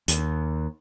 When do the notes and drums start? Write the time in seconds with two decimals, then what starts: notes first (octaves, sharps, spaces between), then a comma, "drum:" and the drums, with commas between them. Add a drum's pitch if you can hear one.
0.08 D#2, drum: hi-hat